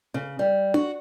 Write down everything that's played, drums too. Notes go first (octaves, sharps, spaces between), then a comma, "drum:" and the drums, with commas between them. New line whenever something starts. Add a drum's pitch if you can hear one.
C#3
G3
F#4, drum: tom D4